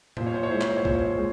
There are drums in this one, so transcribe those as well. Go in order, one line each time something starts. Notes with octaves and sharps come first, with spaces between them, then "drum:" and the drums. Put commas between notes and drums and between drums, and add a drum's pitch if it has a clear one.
A#2 C5, drum: tom A2
C#5
C5
C#5
G#3 E4 C5
C#5, drum: clap
C5
C#5
A#2 C5, drum: kick B1
C#5
C5
G#3